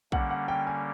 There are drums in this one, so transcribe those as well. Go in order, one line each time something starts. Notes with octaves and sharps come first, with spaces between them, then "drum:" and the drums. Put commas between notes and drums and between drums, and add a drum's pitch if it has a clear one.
D3 G3 A#3 C#4 F#5, drum: kick
F#5
G5
G#5